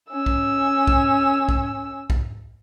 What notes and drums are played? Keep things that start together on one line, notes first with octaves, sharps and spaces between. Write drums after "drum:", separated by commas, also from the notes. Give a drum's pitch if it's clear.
C#4 E6
drum: kick
drum: kick
drum: kick
drum: kick